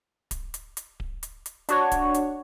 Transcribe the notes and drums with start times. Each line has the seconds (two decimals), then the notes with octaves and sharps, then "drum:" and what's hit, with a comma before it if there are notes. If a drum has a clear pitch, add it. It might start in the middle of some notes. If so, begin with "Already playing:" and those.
0.31 drum: kick D1, hi-hat
0.54 drum: hi-hat
0.77 drum: hi-hat
1.00 drum: kick D1
1.23 drum: hi-hat
1.46 drum: hi-hat
1.69 D4 F#4 C#5, drum: hi-hat
1.92 drum: kick D1, hi-hat
2.15 drum: hi-hat